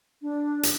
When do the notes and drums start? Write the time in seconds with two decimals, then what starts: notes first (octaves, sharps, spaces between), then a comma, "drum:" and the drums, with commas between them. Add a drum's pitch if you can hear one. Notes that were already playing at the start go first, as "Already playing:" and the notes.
0.22 D4
0.63 drum: hi-hat